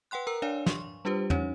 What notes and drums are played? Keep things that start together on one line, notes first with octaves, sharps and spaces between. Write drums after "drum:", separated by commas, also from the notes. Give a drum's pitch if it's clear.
B4 F#5 G5 C6 F#6
A#4 A#5 E6
D4 C#5 D5 F5 G#5
C6 C#6, drum: snare
G3 D4 F4 G4 B4 C5
C#4 D#4 C#5, drum: tom